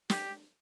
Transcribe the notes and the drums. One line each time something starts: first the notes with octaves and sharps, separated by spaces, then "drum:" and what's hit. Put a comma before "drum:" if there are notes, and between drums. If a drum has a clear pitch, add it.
G4, drum: snare